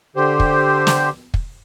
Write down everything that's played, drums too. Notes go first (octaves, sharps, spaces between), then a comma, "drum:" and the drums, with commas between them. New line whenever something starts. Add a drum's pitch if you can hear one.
D3 G4 C5
drum: kick
drum: snare
drum: kick